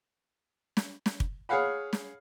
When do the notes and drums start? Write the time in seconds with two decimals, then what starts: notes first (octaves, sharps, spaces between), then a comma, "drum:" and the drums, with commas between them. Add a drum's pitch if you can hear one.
0.77 drum: snare
1.06 drum: snare
1.20 drum: kick
1.49 G#4 C#5 F5 F#5 B5
1.93 drum: snare